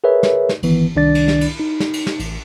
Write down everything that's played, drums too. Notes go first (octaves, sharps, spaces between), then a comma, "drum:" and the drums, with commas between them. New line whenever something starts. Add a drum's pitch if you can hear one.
G#4 A#4 B4 C#5 E5
drum: snare
drum: snare
G1 D#3 E3 B3, drum: cymbal
C2 D#3 D4 D5 A6
drum: cymbal
drum: snare
drum: cymbal
D#4
drum: snare
drum: cymbal
drum: snare
A1, drum: cymbal